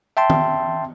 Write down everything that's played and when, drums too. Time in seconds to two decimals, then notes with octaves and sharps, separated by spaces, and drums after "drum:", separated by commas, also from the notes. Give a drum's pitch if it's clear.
0.17 E5 G5 A5 C6
0.30 drum: tom D#3